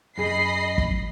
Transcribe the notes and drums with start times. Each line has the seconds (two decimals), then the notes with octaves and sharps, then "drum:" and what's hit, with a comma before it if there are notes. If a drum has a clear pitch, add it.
0.18 F#2 G#4 D#5 B5 C7
0.78 drum: kick